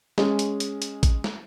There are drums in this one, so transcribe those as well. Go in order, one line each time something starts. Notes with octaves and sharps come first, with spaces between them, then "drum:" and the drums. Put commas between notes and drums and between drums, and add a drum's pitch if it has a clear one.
G#3 C#4, drum: snare
drum: hi-hat
drum: hi-hat
drum: hi-hat
drum: kick A1, hi-hat
drum: snare